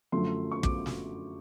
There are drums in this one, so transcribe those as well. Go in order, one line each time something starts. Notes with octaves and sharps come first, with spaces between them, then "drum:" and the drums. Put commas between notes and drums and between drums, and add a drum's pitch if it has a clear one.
F#2 D3 F3 A3 C6
C#6
D6, drum: kick
drum: snare